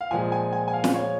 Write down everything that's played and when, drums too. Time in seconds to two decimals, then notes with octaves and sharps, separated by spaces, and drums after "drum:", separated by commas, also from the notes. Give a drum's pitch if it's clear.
0.01 F5
0.11 A#2 F3 G#3 G#5
0.32 G#5
0.53 G#5
0.68 G#5
0.73 F5
0.84 drum: snare
0.94 C#5